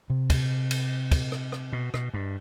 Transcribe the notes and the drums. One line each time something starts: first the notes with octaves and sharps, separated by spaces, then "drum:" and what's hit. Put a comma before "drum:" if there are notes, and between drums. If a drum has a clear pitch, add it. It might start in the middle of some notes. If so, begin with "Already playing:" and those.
C3
drum: kick, cymbal
drum: cymbal
drum: kick, cymbal
drum: rim click
drum: rim click
B2
B2, drum: rim click
G2